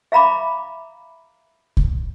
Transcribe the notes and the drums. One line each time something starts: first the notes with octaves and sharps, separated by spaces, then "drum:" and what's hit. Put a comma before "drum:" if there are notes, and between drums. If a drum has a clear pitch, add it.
E5 F5 A#5 B5 D6
drum: kick C2